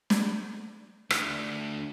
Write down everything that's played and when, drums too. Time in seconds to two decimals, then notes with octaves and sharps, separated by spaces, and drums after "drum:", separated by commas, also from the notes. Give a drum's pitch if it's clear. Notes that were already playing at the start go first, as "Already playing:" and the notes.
0.10 drum: snare
1.10 D2, drum: rim click